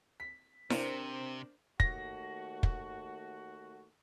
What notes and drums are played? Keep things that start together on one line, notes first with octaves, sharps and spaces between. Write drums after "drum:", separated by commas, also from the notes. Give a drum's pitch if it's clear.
B6
C3 C4 D4 A#4 C5, drum: snare E4
D#2 A3 F#4 A#6, drum: kick
drum: kick